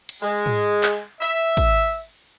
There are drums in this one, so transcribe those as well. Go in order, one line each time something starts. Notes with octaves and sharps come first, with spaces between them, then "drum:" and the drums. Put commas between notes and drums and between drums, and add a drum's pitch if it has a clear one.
drum: cymbal
G#3
drum: tom
drum: clap
E5
drum: kick, cymbal